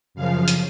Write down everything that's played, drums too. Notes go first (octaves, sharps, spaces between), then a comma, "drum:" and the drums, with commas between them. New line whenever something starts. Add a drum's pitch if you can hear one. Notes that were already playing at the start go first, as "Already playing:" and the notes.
F#2 C#3 F3 F5
drum: hi-hat